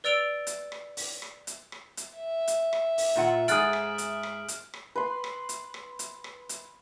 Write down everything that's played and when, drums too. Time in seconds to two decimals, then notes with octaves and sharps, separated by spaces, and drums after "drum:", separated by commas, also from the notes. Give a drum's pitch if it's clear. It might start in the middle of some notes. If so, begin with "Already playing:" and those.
0.04 B4 D5 E6 D7 F7 G7
0.47 drum: hi-hat
0.72 drum: rim click
0.97 drum: open hi-hat
1.22 drum: rim click
1.47 drum: hi-hat
1.72 drum: rim click
1.97 drum: hi-hat
2.17 E5
2.48 drum: hi-hat
2.73 drum: rim click
2.98 drum: open hi-hat
3.16 A#2 F4 F#5
3.48 G#2 G#4 D#6 F6 F#6 A6 D7 F#7, drum: hi-hat
3.73 drum: rim click
3.98 drum: hi-hat
4.23 drum: rim click
4.48 drum: hi-hat
4.74 drum: rim click
4.95 B4 C6
5.24 drum: rim click
5.49 drum: hi-hat
5.74 drum: rim click
5.99 drum: hi-hat
6.24 drum: rim click
6.49 drum: hi-hat